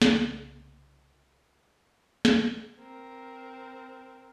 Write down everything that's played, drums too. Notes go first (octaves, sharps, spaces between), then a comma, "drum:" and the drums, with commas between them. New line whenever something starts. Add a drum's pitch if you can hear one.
C2 C#3, drum: snare
drum: snare
C4 A#4